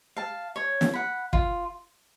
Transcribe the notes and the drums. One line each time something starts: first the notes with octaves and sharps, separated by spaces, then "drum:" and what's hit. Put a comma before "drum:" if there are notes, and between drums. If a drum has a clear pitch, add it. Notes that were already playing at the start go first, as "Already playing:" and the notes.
F5 A5
C#5
drum: snare
F#5 B5
F4, drum: kick